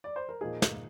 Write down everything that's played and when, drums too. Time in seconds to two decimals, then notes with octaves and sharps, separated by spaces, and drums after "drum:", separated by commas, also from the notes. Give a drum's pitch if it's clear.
0.04 D5
0.16 C5
0.29 A#4
0.41 A#2 F3 A#3 D#4 G#4
0.62 drum: snare